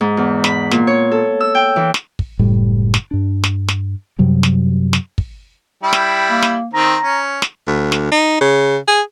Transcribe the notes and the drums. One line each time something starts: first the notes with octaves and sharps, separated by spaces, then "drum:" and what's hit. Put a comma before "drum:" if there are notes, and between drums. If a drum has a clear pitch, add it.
G#2
E2
B5, drum: snare
A#2, drum: snare
C#5
A4
E6
G5
E3
drum: snare
drum: kick
F#1 A2 G3
drum: snare
G2 D4
drum: snare
drum: snare
F#2 C3 F#3 G3
drum: snare
drum: snare
drum: kick
G3 E4 G5
drum: snare
A#3
drum: snare
D#3 C4 A#5
C#4
drum: snare
D2
drum: snare
D#4
C#3
G#4